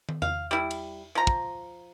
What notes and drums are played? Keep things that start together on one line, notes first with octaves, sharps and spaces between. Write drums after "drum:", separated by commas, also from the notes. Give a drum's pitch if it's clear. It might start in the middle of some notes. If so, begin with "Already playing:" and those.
drum: tom
F5, drum: tom E2
G3 E4
drum: cymbal
F3 A#5
drum: kick